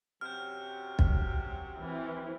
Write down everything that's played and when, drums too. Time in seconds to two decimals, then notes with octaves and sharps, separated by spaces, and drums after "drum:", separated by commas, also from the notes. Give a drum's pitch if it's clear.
0.21 F#2 C3 F#3 F6 G6
0.99 drum: kick
1.81 E3 C4